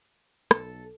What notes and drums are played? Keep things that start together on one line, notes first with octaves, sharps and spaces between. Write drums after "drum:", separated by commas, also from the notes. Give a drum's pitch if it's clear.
B1 A4, drum: rim click